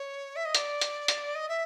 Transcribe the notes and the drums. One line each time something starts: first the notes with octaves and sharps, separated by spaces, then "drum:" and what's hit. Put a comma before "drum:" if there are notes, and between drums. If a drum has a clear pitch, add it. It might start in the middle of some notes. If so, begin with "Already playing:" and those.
Already playing: C#5
E5
D#5
D5, drum: hi-hat
drum: hi-hat
drum: hi-hat
D#5
E5